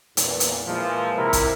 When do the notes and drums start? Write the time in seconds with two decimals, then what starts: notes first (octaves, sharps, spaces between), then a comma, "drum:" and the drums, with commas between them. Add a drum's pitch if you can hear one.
0.17 E2 A#2, drum: hi-hat
0.40 drum: hi-hat
0.66 A#2 E3 F3 G#3 A#3 F4
1.16 C3 E4 A#4
1.33 drum: kick, hi-hat